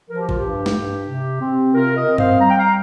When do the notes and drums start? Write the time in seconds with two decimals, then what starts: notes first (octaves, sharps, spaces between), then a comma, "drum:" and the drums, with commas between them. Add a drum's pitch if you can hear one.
0.10 F3 A#4
0.19 G4
0.29 F4, drum: kick
0.37 G4
0.44 G2
0.66 drum: snare
0.76 G2
1.10 C3
1.41 C4
1.75 C3 F4 A#4
1.97 A#4 D#5
2.07 C4
2.18 C5 F5, drum: tom G2
2.40 G3 A#5
2.50 G5
2.59 F5 A#5